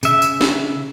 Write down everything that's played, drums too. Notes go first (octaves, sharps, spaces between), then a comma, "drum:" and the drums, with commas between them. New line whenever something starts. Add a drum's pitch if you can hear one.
C#3 E5, drum: tambourine
drum: tambourine
drum: snare